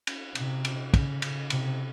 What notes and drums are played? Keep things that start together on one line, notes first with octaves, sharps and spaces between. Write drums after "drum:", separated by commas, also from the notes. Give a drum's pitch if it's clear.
drum: cymbal
C3, drum: cymbal
drum: cymbal
C#3, drum: kick, cymbal
drum: cymbal
C3, drum: cymbal